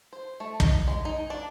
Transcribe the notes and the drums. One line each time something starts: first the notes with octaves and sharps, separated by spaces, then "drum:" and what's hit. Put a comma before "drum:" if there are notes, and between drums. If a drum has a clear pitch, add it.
C5
A3
D#4, drum: kick
G#3
D#4
D4